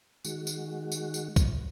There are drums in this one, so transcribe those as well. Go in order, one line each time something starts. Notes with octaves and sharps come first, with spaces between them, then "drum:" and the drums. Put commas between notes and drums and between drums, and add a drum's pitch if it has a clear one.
D#3 G#3 F#4, drum: tambourine
drum: tambourine
drum: tambourine
drum: tambourine
drum: kick, tambourine